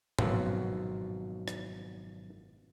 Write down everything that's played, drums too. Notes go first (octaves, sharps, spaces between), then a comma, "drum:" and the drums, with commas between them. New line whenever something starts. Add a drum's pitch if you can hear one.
G#1 F#2 B2 F3 F#3 C4, drum: tom A2
drum: rim click